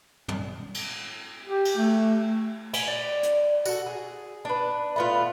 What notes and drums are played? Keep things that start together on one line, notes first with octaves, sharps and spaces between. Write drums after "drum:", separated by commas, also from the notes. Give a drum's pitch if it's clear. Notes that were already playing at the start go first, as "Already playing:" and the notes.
drum: tom
drum: cymbal
G4
drum: cymbal
A3
G#5, drum: cymbal
D5
drum: hi-hat
F#4 A4, drum: tambourine
G#4
D4 B4
A3 B3 F4